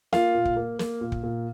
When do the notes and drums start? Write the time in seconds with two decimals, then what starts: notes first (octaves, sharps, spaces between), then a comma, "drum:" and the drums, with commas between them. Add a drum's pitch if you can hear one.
0.13 A#3 F4 F5, drum: snare
0.35 A#2
0.45 drum: kick
0.56 A#3
0.79 A#3, drum: snare
1.01 A#2
1.12 drum: kick
1.23 A#2